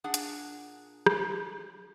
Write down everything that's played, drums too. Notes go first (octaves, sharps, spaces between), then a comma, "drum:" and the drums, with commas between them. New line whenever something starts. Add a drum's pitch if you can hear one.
A#2 D4 G#4 F#5
drum: hi-hat
drum: rim click